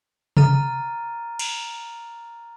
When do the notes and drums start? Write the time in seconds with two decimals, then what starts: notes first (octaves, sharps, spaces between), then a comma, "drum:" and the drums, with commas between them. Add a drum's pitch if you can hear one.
0.37 A#5 F6 A6 D#7, drum: tom C3
1.39 drum: cymbal